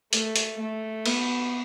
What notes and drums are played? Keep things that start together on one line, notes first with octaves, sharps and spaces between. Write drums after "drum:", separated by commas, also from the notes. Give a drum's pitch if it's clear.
A3, drum: hi-hat
drum: hi-hat
A3
B3, drum: cymbal